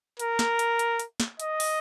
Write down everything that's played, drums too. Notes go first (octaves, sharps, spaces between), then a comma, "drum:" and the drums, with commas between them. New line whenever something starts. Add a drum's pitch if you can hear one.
A#4, drum: hi-hat
drum: snare
drum: hi-hat
drum: hi-hat
drum: hi-hat
drum: snare
D#5, drum: hi-hat
drum: open hi-hat